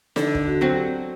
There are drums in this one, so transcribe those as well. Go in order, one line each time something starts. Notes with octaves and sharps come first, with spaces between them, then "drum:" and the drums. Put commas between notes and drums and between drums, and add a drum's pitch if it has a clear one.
D3 A4, drum: snare
drum: kick
F#4
F#3 C4 F#4
G4